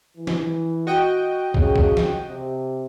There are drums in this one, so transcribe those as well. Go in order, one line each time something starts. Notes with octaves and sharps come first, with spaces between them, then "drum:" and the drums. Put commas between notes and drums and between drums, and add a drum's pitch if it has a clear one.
E3
drum: snare
F#4 D#5 G5
C#3, drum: kick
drum: kick
drum: snare
C3